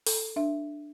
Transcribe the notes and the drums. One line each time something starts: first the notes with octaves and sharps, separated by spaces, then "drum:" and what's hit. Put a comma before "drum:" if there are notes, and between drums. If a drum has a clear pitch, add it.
A4, drum: open hi-hat
D4 E5